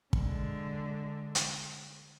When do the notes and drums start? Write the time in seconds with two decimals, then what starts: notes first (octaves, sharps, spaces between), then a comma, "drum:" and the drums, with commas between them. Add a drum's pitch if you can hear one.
0.13 D3 G#3, drum: kick
1.35 drum: hi-hat